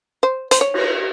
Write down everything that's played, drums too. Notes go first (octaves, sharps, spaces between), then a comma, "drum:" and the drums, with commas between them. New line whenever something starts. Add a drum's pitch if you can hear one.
C5
C5, drum: hi-hat
C#5
drum: cymbal